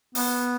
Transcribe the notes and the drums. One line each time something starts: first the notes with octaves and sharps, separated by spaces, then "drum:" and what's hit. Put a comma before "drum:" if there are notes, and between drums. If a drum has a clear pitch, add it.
B3, drum: open hi-hat